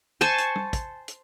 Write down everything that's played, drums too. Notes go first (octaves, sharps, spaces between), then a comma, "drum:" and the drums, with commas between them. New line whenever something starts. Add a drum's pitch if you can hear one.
C5 G#5 A5 C#6
drum: hi-hat
drum: tom
drum: kick, hi-hat
drum: hi-hat